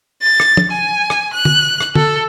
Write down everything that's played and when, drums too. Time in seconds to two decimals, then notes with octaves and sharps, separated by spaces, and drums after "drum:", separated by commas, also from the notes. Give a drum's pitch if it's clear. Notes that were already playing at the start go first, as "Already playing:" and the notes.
0.22 A6
0.40 drum: rim click
0.57 drum: tom
0.71 G#5
1.10 drum: rim click
1.33 F#6
1.45 drum: tom
1.81 drum: rim click
1.95 A4, drum: tom